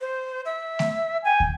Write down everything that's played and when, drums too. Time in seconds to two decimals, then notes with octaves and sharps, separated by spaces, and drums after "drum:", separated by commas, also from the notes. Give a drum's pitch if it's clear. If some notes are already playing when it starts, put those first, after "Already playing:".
0.01 C5
0.45 E5
0.79 drum: snare A3
1.25 G5 G#5
1.40 drum: kick